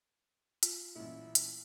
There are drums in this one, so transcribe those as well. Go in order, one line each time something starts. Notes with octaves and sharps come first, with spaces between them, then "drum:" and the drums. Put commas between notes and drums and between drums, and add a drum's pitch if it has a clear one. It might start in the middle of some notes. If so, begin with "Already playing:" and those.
F4, drum: hi-hat
A1 F#2 A#2 E4
drum: hi-hat